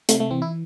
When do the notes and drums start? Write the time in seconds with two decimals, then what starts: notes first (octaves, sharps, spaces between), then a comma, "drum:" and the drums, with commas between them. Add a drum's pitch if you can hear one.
0.09 C3 A3, drum: hi-hat
0.20 A3
0.31 E3 C4
0.42 E4